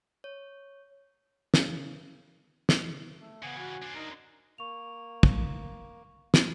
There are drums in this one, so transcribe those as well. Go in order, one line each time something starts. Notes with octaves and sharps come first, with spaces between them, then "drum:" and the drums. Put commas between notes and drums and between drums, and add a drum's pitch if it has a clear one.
C#5
C#3, drum: snare
drum: snare
A3
C#3 E3 B3 G#5
F#4
D4 C5
D#4 A#4
A#3 C#6 F7
drum: kick
drum: snare